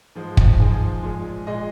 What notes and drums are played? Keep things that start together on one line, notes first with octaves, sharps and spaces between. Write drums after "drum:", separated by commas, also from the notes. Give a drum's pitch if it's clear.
G#2 F3 G#3
drum: kick
G#2 F3 G#3 G#5
A#2 G#3
A#2 G#3 D#5